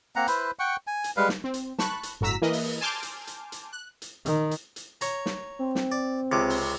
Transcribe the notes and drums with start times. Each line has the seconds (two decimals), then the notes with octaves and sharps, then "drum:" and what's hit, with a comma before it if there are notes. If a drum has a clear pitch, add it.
0.16 A#3 C4 F#5 A#5
0.27 E4 B4 C5, drum: hi-hat
0.59 F#5 G5 C#6
0.87 G#5
1.04 drum: hi-hat
1.17 G3 G#3 B4 F5
1.29 drum: snare
1.44 C4
1.54 drum: hi-hat
1.78 A5 B5 C#6 F#6, drum: snare
2.03 drum: hi-hat
2.21 G1 A2 F#4 A#5 E6 B6
2.42 E3 A#3 E4 A#4 B4 D#5
2.53 drum: open hi-hat
2.81 G#5 A5 C6 D6 F6 G6
3.02 drum: hi-hat
3.27 drum: hi-hat
3.52 drum: hi-hat
3.73 F#6
4.02 drum: hi-hat
4.26 D#3, drum: hi-hat
4.51 drum: hi-hat
4.76 drum: hi-hat
5.01 C#5 A#5, drum: hi-hat
5.26 drum: snare
5.59 C4
5.75 drum: snare
5.92 D5
6.32 C#2 C3 D6
6.50 drum: open hi-hat